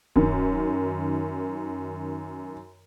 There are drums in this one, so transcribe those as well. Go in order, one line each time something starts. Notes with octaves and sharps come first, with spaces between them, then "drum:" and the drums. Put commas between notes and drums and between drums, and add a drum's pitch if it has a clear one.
F#2 D#3, drum: kick D1